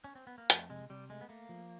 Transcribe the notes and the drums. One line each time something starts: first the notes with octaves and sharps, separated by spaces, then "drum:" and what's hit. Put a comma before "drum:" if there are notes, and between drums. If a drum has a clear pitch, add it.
C#4
C4
B3
A#3
F2 A3, drum: hi-hat
C3 G#3
C3 G3
G#3 A3
B3
A3 A#3
F3